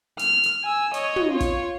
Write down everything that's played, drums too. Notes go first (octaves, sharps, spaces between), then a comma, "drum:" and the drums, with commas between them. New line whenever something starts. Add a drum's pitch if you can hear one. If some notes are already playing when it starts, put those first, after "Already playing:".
F6, drum: hi-hat
drum: hi-hat
G#5 E6
C#5 D#5, drum: hi-hat
drum: tom
F4 C#5
drum: kick, hi-hat